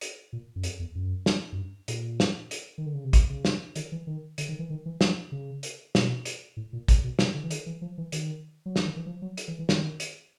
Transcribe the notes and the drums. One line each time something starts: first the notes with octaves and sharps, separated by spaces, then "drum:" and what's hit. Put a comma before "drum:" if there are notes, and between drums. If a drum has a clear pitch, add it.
drum: hi-hat
A#2
F#2
F2, drum: hi-hat
E2
F#2
drum: snare
F#2
G2
A#2, drum: hi-hat
drum: snare
drum: hi-hat
D#3
D3
C#3
C3
B2, drum: kick, hi-hat
C#3
drum: snare
D#3, drum: hi-hat
E3
D#3
D3, drum: hi-hat
D#3
E3
D#3
E3
F3, drum: snare
C#3
drum: hi-hat
B2, drum: snare
drum: hi-hat
A2
A#2
B2, drum: kick, hi-hat
B2
C3, drum: snare
D3
E3
D#3, drum: hi-hat
E3
F3
E3
D#3, drum: hi-hat
F#3
F3, drum: snare
D#3
E3
F3
F#3
drum: hi-hat
E3
E3
D#3, drum: snare
drum: hi-hat